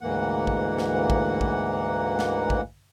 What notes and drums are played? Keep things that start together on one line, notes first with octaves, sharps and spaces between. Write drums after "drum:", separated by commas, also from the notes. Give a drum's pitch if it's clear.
D2 G#2 E3 A#3 F#5
drum: kick
drum: snare
drum: kick
drum: kick
drum: snare
drum: kick